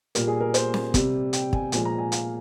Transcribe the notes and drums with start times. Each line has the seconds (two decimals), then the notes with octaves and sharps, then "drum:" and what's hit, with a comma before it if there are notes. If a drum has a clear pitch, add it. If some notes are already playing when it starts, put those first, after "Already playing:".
0.15 A#2 G3 A#4, drum: hi-hat
0.27 G#4
0.41 A#4
0.54 C5, drum: hi-hat
0.74 drum: snare
0.94 C3 G3, drum: kick, hi-hat
1.33 G5, drum: hi-hat
1.53 G#5, drum: kick
1.72 A#2 F3 G#3 G#5, drum: hi-hat
1.85 A#5
1.99 G#5
2.12 F5, drum: hi-hat